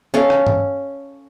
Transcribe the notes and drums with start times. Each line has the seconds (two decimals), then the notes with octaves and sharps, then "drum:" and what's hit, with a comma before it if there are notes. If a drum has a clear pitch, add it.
0.14 C#4 A4 F5
0.30 drum: rim click
0.47 drum: tom